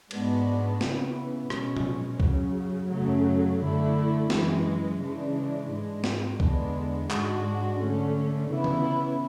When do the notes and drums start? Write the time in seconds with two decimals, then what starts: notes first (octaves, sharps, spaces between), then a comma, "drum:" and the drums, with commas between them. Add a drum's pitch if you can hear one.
0.11 G#2 G#3 B3 D4 F#4, drum: cymbal
0.81 C#3 E3 B3, drum: snare
1.50 B2 G#3 C#4, drum: rim click
1.77 drum: tom A#2
2.20 F#2 C#3 F#3, drum: kick C2
2.90 F#2 C#3 F#3 A3
3.61 D3 A3 E4
4.30 F#2 E3 G#3, drum: snare
5.00 C#3 E3 G#3 D4
5.70 G#2 G#3 D4
6.04 drum: snare
6.40 E2 D3 G#3 B3 D4, drum: kick C2
7.11 G#2 G#3 D4 F#4, drum: clap
7.80 D3 A3 C#4
8.50 C#3 E3 B3 E4
8.64 drum: tom D3